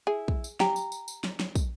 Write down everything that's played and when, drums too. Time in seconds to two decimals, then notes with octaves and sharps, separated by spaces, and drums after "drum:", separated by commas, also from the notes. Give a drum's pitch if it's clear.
0.07 E4 G#4
0.28 drum: kick
0.44 drum: tambourine
0.60 G4 A#5, drum: snare
0.76 drum: tambourine
0.92 drum: tambourine
1.08 drum: tambourine
1.24 drum: snare
1.40 drum: snare
1.55 drum: kick, tambourine